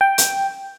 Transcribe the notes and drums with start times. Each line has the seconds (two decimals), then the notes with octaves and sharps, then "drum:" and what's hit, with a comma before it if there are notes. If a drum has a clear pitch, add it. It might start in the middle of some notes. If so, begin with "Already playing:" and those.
0.01 G5
0.18 drum: hi-hat